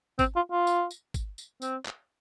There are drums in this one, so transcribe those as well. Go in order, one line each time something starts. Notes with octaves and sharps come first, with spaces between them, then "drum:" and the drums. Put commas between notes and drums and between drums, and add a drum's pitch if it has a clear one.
C4, drum: kick, tambourine
F4
F4
drum: tambourine
drum: tambourine
drum: kick, tambourine
drum: tambourine
C4, drum: tambourine
drum: clap